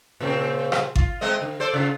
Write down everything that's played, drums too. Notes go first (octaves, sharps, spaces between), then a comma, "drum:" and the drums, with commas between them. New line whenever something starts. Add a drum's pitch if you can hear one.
A#2 C#3 C4
drum: rim click
F4, drum: kick G#1
G#3 C4 D#5
D3
A4 C5 D5
C#3 F4